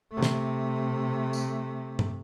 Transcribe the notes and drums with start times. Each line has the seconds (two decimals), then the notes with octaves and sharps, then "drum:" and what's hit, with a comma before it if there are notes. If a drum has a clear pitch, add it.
0.11 C3 A3
0.23 drum: snare
1.33 drum: tambourine
1.99 drum: tom G2